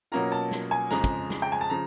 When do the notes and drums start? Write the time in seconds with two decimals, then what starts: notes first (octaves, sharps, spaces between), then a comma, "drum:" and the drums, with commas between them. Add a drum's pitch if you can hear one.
0.12 B2 F#3 A#3 C#4 F4 A#5
0.32 A5
0.51 drum: snare
0.71 G#5
0.91 F2 C#3 F3 G#3 A#5, drum: snare
1.04 drum: kick, hi-hat
1.30 drum: snare
1.42 G5
1.52 G#5
1.61 A5
1.70 C#3 F3 A#5